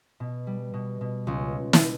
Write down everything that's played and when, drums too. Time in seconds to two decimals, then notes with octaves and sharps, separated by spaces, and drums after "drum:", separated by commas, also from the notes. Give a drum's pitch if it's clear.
0.20 B2
0.47 G3
0.74 B2
1.01 B2
1.27 C#2
1.73 drum: snare